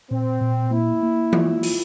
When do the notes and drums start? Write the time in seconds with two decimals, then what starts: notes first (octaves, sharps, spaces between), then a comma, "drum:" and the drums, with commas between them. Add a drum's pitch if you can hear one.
0.11 A#2 C4
0.41 A#2
0.71 A#3 E4
1.03 A#3
1.33 F4, drum: tom E3
1.63 F4, drum: open hi-hat